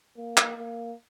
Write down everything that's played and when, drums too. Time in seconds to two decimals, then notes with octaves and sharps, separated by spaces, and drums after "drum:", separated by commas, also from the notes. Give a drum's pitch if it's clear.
0.17 A#3
0.37 drum: clap
0.57 A#3